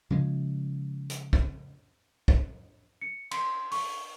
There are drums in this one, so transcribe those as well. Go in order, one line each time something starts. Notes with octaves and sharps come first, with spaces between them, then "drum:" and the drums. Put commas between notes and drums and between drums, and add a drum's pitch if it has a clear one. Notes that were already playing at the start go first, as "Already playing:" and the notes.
C#3 F3 G#3
drum: hi-hat
drum: kick
drum: kick
C#7
C6, drum: cymbal
C#6, drum: open hi-hat